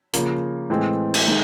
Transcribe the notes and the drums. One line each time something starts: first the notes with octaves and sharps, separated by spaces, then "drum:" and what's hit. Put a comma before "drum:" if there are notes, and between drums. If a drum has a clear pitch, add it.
C#3 F3 A#3, drum: hi-hat
A2 E3 G#3 C4
drum: cymbal
D#3 G#3